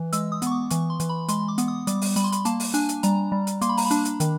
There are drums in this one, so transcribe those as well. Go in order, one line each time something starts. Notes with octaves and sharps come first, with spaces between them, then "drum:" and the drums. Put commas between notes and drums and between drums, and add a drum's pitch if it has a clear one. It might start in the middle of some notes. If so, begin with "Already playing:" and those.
Already playing: E3
G#3 E6, drum: hi-hat
D#6
B3 C#6, drum: hi-hat
D6
E3 C#6, drum: hi-hat
C6
E3, drum: hi-hat
B5
G#3 C6, drum: hi-hat
D6
B3, drum: hi-hat
D#6
G3 D6, drum: hi-hat
drum: open hi-hat
G3 B5, drum: hi-hat
C6
B5, drum: hi-hat
A#3 A5, drum: hi-hat
drum: open hi-hat
D4 G#5, drum: hi-hat
drum: hi-hat
G3 A#5, drum: hi-hat
G3
drum: hi-hat
A#3 C6, drum: hi-hat
B5
A#5, drum: open hi-hat
B5
D4, drum: hi-hat
drum: hi-hat
D#3, drum: hi-hat